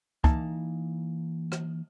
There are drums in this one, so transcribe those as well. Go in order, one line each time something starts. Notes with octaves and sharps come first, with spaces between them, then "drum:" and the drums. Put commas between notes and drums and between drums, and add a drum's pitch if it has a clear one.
E3 A#3 D#4 A5, drum: kick
drum: rim click